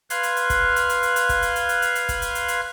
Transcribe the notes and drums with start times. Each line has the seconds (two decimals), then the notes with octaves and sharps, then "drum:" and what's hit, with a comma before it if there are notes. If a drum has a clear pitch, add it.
0.10 B4 F5 C6 F6 F#6 G#6, drum: hi-hat
0.23 drum: hi-hat
0.37 drum: hi-hat
0.50 drum: kick, hi-hat
0.76 drum: hi-hat
0.90 drum: hi-hat
1.03 drum: hi-hat
1.16 drum: hi-hat
1.29 drum: kick, hi-hat
1.43 drum: hi-hat
1.56 drum: hi-hat
1.69 drum: hi-hat
1.82 drum: hi-hat
1.95 drum: hi-hat
2.09 drum: kick, hi-hat
2.22 drum: hi-hat
2.35 drum: hi-hat
2.48 drum: hi-hat